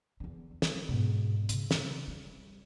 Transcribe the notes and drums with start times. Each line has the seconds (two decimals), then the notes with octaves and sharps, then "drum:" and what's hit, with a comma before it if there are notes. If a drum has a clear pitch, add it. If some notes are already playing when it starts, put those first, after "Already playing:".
0.20 E2 D3
0.62 F#3, drum: snare
0.89 G#2 B2
1.49 C#3, drum: hi-hat
1.71 drum: snare
2.08 G3